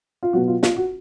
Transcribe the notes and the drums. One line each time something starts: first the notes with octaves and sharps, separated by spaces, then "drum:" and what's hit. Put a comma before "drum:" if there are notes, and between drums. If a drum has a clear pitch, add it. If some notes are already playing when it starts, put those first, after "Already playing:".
F4
B2 F#3 F#4
F4
F4, drum: snare
F#4